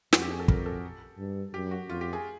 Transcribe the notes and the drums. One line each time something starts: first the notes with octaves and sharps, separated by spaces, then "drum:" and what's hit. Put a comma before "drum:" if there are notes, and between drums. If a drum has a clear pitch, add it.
F2 F#4, drum: snare
G4
G#4
A4
A#4, drum: kick
A4
G2
F#2 G4
F#4
F2 F4
G4
G#4